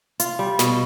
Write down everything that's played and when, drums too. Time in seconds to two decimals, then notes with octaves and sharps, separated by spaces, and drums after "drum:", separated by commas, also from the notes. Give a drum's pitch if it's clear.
0.20 F4, drum: hi-hat
0.39 G3
0.59 B2, drum: snare